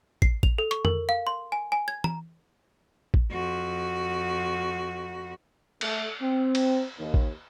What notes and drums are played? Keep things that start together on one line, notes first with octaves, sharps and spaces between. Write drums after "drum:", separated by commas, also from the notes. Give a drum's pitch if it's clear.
C7, drum: kick
F7, drum: kick
A4
C#6, drum: hi-hat
A#4, drum: tom F2
F5
C6
G#5
G#5
G#6
A#5, drum: tom E3
drum: kick
F2 F#4
A3, drum: cymbal
C4
drum: cymbal
D#2
drum: kick